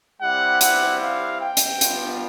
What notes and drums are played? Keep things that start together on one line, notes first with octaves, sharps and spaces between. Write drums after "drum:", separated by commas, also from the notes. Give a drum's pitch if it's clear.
G3 C4 E4 G4 F#5
F#5, drum: hi-hat
F5
G5
drum: hi-hat
G3 B3 D4 F4, drum: hi-hat